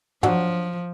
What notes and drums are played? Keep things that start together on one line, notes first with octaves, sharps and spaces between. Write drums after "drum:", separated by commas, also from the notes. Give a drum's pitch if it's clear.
F3 F#3 D4 F#4, drum: tom